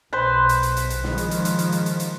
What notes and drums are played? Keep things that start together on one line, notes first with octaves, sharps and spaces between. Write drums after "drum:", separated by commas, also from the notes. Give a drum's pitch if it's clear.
B1 B4 C5 C6
drum: hi-hat
drum: hi-hat
drum: hi-hat
drum: hi-hat
D#3 F3 G#3, drum: snare
drum: hi-hat
drum: hi-hat
drum: hi-hat
drum: hi-hat
drum: hi-hat
drum: hi-hat
drum: hi-hat